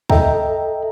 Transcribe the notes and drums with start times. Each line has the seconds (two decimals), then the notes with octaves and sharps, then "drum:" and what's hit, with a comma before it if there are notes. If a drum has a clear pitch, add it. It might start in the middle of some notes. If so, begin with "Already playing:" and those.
0.10 A4 D#5 E5 G5 A#5, drum: kick